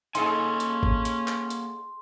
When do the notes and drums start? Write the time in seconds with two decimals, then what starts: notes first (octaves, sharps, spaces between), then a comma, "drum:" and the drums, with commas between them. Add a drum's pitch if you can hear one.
0.15 A#3 C#4 D#4 G#4 A4 F#5 G#5 C6, drum: hi-hat
0.60 drum: hi-hat
0.83 drum: kick
1.05 drum: hi-hat
1.28 drum: clap
1.50 drum: hi-hat